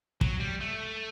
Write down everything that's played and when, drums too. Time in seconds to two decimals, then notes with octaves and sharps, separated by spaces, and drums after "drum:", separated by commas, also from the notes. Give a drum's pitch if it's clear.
0.21 F#3, drum: kick
0.40 G3
0.61 A3